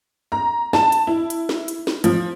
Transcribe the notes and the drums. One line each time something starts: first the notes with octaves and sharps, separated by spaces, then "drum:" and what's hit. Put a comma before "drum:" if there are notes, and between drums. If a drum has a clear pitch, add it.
A#5
A5, drum: snare
drum: hi-hat
E4
drum: hi-hat
drum: snare
drum: hi-hat
drum: snare
F3, drum: hi-hat